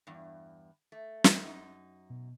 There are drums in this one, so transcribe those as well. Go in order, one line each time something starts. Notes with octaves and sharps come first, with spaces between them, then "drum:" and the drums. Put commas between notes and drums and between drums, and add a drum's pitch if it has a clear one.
E2 G2
A3
drum: snare
F#2 D#4
B2